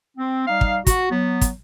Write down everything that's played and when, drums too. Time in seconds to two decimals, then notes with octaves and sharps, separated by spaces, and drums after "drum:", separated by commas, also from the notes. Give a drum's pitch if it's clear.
0.17 C4
0.48 G3 D#4 F5
0.61 drum: kick
0.87 F#4, drum: kick, hi-hat
1.11 F#3 B3
1.41 drum: kick, hi-hat